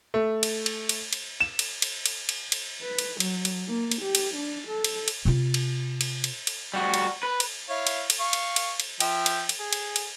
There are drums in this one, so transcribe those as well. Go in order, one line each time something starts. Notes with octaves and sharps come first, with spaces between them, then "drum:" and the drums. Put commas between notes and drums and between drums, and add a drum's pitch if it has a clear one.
A3
drum: cymbal
drum: cymbal
drum: cymbal
drum: cymbal
E7
drum: cymbal
drum: cymbal
drum: cymbal
drum: cymbal
drum: cymbal
B4
drum: cymbal
F#3, drum: cymbal
drum: cymbal
A#3
drum: cymbal
G4
drum: cymbal
D4
A4
drum: cymbal
drum: cymbal
C3 F4
drum: cymbal
drum: cymbal
drum: cymbal
drum: cymbal
G3 F#4
drum: cymbal
B4
drum: cymbal
E4 C#5 F5
drum: cymbal
drum: cymbal
F5 C#6
drum: cymbal
drum: cymbal
drum: cymbal
F3 E5 G5, drum: cymbal
drum: cymbal
drum: cymbal
G#4
drum: cymbal
drum: cymbal